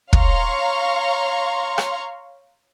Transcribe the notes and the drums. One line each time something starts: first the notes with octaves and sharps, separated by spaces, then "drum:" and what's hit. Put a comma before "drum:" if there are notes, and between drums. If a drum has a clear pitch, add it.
C#5 F5 A#5 C6 C#6, drum: kick
drum: rim click